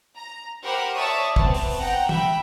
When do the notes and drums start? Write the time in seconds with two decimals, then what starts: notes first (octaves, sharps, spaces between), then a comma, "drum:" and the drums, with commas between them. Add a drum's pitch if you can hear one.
0.16 A#5
0.62 G4 A#4 C5 F#5 B5
0.95 C#5 D5 E5 A5 C#6 D#6
1.36 B3 C4 A5, drum: kick
1.54 drum: open hi-hat
1.80 F#5 G5 A#5
2.09 E5 G5 B5, drum: tom